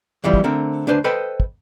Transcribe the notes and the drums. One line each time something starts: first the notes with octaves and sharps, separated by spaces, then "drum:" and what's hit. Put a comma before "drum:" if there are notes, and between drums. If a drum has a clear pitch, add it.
F2 E3 F3 G3
drum: kick
D3 A3 C4 A#4
D2 D4 B4 C5
A4 B4 C5 D#5 G5 B5
drum: kick